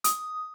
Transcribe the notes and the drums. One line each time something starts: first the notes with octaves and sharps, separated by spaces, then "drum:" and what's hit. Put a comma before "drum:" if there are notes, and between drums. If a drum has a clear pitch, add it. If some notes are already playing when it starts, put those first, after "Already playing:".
D#6, drum: hi-hat